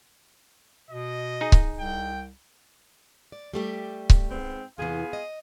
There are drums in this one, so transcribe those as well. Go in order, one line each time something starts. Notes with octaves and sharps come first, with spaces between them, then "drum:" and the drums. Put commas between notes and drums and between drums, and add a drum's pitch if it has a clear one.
B2 D#5
D#4 G#4
drum: kick C#1
C2 G5
D5
G3 A3 G4
drum: kick C#1
G#2 B3 C4
E2 C3 E3 B3 F4 G#4
D#5